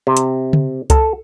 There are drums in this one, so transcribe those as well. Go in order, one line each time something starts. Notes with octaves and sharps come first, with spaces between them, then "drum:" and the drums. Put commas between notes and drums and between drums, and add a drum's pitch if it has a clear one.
C3
drum: hi-hat
drum: tom C#3
A4, drum: kick C2, hi-hat